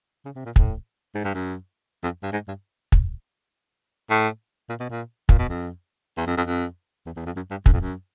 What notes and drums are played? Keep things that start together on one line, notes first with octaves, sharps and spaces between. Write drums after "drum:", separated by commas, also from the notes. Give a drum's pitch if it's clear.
C#3
C3
A#2
A2, drum: kick
G#2
G2
F#2
F2
G2
G#2
G2
drum: kick
A2
A#2
B2
A#2
A#2, drum: kick
B2
F2
E2
F2
F2
F2
E2
E2
F2
F#2
G2
F#2, drum: kick
F2
F#2